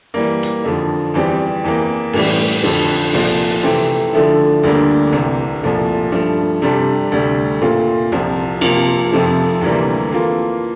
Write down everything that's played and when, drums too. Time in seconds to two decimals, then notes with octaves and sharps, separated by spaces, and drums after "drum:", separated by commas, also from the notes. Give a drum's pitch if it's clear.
0.14 E3 G3 A#3
0.43 drum: hi-hat
0.64 F2 D3 F3
1.14 E2 E3 G3 C4 G4
1.64 E2 E3 A#3
2.13 A2 E3 G3, drum: cymbal
2.63 F2 D3 F3
3.13 C2 A#2 F3 A3, drum: open hi-hat
3.63 C3 E3 A3 C4 G4
4.13 D3 F3 A3 E4
4.63 D2 D3 G3 A#3 D4
5.12 C2 C3 E3
5.63 C2 A#2 F3 A3
6.12 G2 F3 A3
6.62 C3 G3 D4 A4
7.12 D2 C3 G3
7.62 A#2 A3 C4 F4
8.12 C2 C3 F3
8.61 C3 F3 A#3 F4, drum: cymbal
9.11 F2 C3 F3 A3
9.61 D2 C3 E3 G3 A#3
10.11 E3 A#3 F4 A4